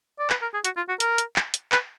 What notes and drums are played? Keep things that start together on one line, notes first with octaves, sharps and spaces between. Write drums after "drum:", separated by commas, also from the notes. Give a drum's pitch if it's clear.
D5
B4, drum: clap
A#4
G#4
F#4, drum: hi-hat
F4
F#4
A#4, drum: hi-hat
drum: hi-hat
drum: clap
drum: hi-hat
B4, drum: clap